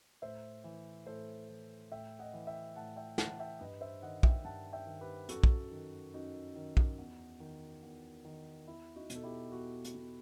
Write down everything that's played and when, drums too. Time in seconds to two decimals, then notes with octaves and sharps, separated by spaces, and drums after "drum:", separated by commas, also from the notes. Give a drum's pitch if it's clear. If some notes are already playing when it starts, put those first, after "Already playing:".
0.22 A2 C5 E5
0.64 E3
1.06 A2 A4 C5
1.49 E3
1.91 A2 E5 G5
2.19 D#5 F#5
2.33 E3
2.47 E5 G5
2.76 A2 F#5 A5
2.97 E5 G5
3.18 E3 F#5 A5, drum: snare
3.40 E5 G5
3.60 G2 B4 D#5
3.81 C5 E5
4.02 D#3 D#5 F#5
4.23 E5 G5, drum: kick
4.44 G2 F#5 A5
4.73 E5 G5
4.87 D#3
5.01 G4 B4
5.29 F#2 F#4 A4, drum: hi-hat
5.44 drum: kick
5.71 D#3
6.14 F#2 D#4 F#4
6.56 D#3
6.77 drum: kick
6.98 E2
7.40 D#3
7.83 E2
8.25 D#3
8.67 E2 E4
8.96 D#4 F#4
9.10 B2, drum: hi-hat
9.15 A4
9.23 E4 G4
9.52 E2 F#4 A4
9.85 drum: hi-hat
9.94 B2